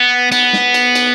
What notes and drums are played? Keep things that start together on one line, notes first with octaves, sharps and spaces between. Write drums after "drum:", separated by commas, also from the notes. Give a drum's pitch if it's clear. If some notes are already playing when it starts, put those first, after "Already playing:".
Already playing: B3
B3, drum: cymbal
drum: snare
drum: cymbal
drum: cymbal